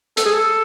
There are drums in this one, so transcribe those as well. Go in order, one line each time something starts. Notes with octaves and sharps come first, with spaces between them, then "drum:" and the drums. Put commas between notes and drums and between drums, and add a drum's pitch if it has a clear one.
A4, drum: hi-hat
G#4
A4